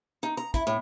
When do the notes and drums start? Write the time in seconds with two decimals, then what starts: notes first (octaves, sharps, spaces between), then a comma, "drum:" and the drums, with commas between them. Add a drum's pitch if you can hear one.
0.23 D#4
0.37 A#5
0.54 E4, drum: kick, hi-hat
0.67 A2